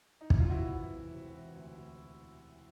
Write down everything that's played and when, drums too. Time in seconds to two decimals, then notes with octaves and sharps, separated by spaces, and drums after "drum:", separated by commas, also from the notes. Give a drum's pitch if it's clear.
0.21 D#4
0.30 E4, drum: kick
0.40 F4
0.49 C3 E4 F#4
0.71 E3
0.92 E1
1.14 C3
1.34 E3
1.55 D2
1.77 D2